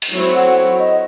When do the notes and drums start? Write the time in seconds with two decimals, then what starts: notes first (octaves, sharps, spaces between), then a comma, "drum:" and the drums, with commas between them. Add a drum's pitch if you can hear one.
0.02 drum: open hi-hat
0.14 F#3 C4 E4 A4 C#5
0.36 F#5
0.79 D#5